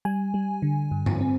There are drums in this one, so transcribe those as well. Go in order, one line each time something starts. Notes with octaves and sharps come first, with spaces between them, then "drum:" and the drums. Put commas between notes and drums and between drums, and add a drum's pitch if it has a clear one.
G3 G#5
G3
D3
G2
drum: tom G2
C4